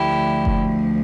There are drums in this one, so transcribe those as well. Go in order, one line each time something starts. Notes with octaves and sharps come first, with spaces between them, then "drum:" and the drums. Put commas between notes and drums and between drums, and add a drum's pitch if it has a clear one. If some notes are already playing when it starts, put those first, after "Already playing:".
Already playing: D2 D3 F3 A3 E4 G4
drum: kick F#1